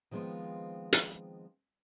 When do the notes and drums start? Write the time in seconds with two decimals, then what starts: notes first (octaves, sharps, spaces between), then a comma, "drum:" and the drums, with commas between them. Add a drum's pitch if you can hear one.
0.11 D#3 F3 G#3 B3 C4 F4
0.93 drum: hi-hat